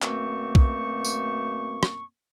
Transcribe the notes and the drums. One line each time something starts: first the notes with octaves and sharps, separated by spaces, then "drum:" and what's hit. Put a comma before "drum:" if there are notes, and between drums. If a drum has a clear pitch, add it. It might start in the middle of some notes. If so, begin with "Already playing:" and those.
F#2 B2 A3 A#3 C4 C#6, drum: clap
drum: kick B1
drum: tambourine
drum: rim click